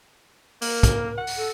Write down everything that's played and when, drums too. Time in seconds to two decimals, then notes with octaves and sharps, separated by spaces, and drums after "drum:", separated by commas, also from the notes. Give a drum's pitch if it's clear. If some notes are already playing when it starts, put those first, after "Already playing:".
0.62 A#3 A#4, drum: open hi-hat
0.83 drum: kick, hi-hat
1.17 F#5
1.27 drum: open hi-hat
1.37 A4